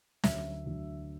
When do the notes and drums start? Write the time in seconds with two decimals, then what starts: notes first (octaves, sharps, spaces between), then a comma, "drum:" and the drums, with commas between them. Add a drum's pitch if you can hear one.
0.24 D2 D3 F#3 E5, drum: snare
0.65 D2 D3 F#3